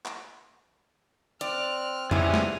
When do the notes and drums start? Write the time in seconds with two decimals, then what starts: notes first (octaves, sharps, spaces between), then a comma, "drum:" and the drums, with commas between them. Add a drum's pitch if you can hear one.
0.06 drum: clap
1.41 C4 D5 F6 F#6, drum: hi-hat
2.11 G3 B3 C#4 E4 G#4 D#6 F6, drum: tom F2
2.34 drum: snare